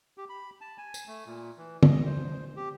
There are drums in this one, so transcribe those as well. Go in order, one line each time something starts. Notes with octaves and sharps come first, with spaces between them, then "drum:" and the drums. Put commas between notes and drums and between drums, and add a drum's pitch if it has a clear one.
G4
B5
A5
G#5
drum: tambourine
A3
A#2
E3
D#5, drum: tom
C5
G4